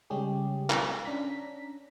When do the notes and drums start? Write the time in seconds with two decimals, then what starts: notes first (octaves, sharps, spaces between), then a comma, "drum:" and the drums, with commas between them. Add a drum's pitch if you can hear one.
0.10 C#3 G3 G#3 C#4 G4 G#4
0.70 drum: clap
1.05 C#4 D4 A#5 B6